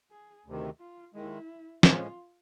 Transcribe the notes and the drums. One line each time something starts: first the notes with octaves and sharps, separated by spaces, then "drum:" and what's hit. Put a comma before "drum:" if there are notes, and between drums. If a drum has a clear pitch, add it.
G#4
D2 C3 D#3
F4
D#2 D#3 G#3 E4
A2 F3 G#3 C#4 F4, drum: snare